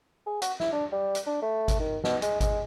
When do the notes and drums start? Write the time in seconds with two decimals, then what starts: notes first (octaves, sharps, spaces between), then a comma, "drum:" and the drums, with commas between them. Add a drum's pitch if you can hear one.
0.27 G#4
0.42 F#4, drum: hi-hat
0.60 E4, drum: snare
0.73 D4
0.92 G3
1.15 drum: hi-hat
1.26 D4
1.42 A3
1.68 drum: kick G#1, hi-hat
1.80 D#3
2.04 B2, drum: snare
2.22 G#3, drum: hi-hat
2.41 G#3, drum: kick G#1, hi-hat